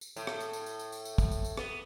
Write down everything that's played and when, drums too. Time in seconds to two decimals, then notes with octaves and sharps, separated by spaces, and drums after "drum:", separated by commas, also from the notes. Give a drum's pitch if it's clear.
0.01 drum: tambourine
0.16 A2, drum: tambourine
0.27 drum: rim click
0.40 drum: tambourine
0.53 drum: tambourine
0.66 drum: tambourine
0.79 drum: tambourine
0.92 drum: tambourine
1.05 drum: tambourine
1.18 drum: kick, tambourine
1.31 drum: tambourine
1.44 drum: tambourine
1.57 B3, drum: rim click